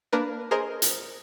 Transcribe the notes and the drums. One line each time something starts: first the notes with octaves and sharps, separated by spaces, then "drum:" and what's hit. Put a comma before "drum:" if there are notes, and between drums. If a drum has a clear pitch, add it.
A#3 D4 A#4 B4
G#4 A#4 C5 D#5
drum: hi-hat